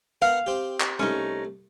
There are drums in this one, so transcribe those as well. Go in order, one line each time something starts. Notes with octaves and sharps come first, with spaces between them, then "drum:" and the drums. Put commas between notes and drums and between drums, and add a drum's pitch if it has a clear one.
B3 A#4 F5 F#5
C4 G4
drum: clap
C2 A3 C#4 D#4